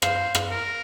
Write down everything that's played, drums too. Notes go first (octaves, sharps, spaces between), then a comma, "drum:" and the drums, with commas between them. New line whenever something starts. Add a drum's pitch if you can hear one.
C5 F5, drum: rim click
drum: rim click
A#4